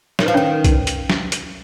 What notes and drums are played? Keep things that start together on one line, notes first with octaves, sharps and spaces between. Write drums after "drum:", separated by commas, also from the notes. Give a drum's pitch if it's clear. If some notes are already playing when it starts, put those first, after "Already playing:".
D#3 C#5, drum: snare
F3 B4
D#3 C#4 C#5
drum: kick B1, hi-hat
drum: hi-hat
drum: snare
drum: hi-hat